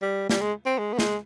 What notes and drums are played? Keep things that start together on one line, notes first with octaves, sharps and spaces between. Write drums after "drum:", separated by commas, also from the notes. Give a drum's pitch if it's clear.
G3
G3, drum: snare
G#3
C4
G#3
B3
G#3, drum: snare